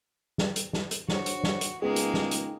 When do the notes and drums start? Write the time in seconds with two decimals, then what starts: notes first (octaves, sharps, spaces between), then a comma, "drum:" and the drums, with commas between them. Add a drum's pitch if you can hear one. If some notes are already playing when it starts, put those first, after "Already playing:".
0.38 drum: snare
0.56 drum: hi-hat
0.73 drum: snare
0.91 drum: hi-hat
1.08 D4 F#4 C5 C#5, drum: snare
1.26 drum: hi-hat
1.44 drum: snare
1.61 drum: hi-hat
1.82 C#2 G#3 A#3 B3 D#4 G#4 G5
1.96 drum: hi-hat
2.14 drum: snare
2.31 drum: hi-hat